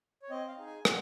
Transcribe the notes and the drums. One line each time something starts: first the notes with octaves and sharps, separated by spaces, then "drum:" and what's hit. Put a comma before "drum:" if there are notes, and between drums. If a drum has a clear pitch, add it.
C#5
C4 D#5
F5
D#4 G#4
G#5
C4 F#5, drum: rim click